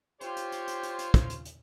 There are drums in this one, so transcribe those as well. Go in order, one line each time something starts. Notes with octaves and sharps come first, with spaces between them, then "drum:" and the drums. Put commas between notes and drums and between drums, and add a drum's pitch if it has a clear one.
F4 G4 C5 C#5, drum: hi-hat
drum: hi-hat
drum: hi-hat
drum: hi-hat
drum: hi-hat
drum: hi-hat
drum: kick, hi-hat
drum: hi-hat
drum: hi-hat